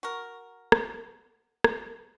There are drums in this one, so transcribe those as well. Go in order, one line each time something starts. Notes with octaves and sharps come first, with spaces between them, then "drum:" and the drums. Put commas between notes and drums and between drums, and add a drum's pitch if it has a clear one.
F#4 A#4
drum: rim click
drum: rim click